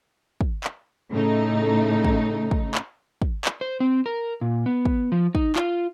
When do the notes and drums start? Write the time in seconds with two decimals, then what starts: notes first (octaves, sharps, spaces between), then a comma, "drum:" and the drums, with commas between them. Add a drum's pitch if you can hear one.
0.41 drum: kick
0.64 drum: clap
1.11 A2 C#3 A3 D#4
2.04 drum: kick
2.51 drum: kick
2.75 drum: clap
3.22 drum: kick
3.45 drum: clap
3.61 C5
3.80 C4
4.06 A#4
4.41 A#2
4.66 B3
4.85 drum: kick
5.12 F3
5.35 D#4, drum: kick
5.56 F4, drum: clap